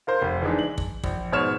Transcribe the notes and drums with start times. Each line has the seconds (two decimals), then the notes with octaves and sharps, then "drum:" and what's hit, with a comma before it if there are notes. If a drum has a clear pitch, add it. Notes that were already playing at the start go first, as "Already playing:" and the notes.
0.07 F4 A#4 C5
0.22 F1
0.43 E3 G#3 D4 D#4
0.59 F#7
0.78 drum: kick
1.04 A#1, drum: kick
1.32 G#2 B2 C#5 F6 E7